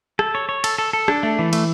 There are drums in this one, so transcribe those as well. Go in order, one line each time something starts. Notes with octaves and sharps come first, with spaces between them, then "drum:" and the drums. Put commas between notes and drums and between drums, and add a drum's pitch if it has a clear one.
A4, drum: rim click
C#5
C#5
A4, drum: cymbal
A4
A4
D4, drum: rim click
A3
E3
A3, drum: cymbal